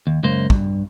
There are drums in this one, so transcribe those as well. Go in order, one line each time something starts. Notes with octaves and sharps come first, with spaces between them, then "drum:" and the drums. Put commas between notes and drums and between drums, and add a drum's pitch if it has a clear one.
D#2
C#2 F#2 A#3 C5
G2, drum: kick